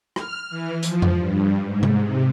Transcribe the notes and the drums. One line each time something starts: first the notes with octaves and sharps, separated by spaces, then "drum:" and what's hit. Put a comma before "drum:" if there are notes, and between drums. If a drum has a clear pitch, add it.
F6, drum: rim click
E3
F3, drum: hi-hat
drum: tom F2
G2
G#2
drum: tom C3
C3